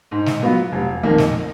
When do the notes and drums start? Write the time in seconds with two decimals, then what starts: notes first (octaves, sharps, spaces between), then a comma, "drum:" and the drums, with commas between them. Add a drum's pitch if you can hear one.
0.11 G#2
0.26 drum: snare
0.42 F#3 B3 F4
0.72 F1
1.03 F2 D#3 A#3, drum: kick
1.18 drum: snare